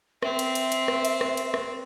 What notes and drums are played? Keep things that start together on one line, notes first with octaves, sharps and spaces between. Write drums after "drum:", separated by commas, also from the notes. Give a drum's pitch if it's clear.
C4 E5, drum: rim click
drum: cymbal
drum: cymbal
drum: cymbal
drum: rim click
drum: cymbal
drum: rim click
drum: cymbal
drum: rim click